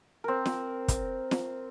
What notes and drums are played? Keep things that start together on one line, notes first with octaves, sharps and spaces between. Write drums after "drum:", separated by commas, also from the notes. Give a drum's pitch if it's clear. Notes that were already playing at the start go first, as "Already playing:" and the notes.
C4 A#4
drum: snare
drum: kick, hi-hat
drum: snare